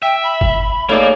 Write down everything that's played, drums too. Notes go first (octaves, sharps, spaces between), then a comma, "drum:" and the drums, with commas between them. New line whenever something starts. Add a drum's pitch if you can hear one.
E5 G5
B5
drum: kick G1
A3 A#3 D#4 G#4 C#5 D5